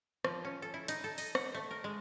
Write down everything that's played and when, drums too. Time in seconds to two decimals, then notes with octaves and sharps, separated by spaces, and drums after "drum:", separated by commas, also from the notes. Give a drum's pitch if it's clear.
0.25 F3, drum: rim click
0.45 C#4
0.62 A4
0.74 E4
0.88 D#4, drum: hi-hat
1.04 A4
1.18 D#5, drum: open hi-hat
1.35 F#5, drum: rim click
1.54 A3
1.71 A#4
1.84 G#3